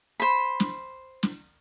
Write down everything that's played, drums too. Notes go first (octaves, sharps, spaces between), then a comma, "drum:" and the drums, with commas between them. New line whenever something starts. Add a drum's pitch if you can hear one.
C5 B5
drum: snare
drum: snare